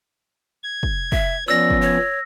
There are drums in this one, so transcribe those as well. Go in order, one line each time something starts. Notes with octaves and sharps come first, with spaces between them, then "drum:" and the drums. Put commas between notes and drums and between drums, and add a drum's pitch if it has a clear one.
G#6
drum: kick
E5, drum: kick
F3 B3 C#4 D5 E6 A#6
drum: kick
C#5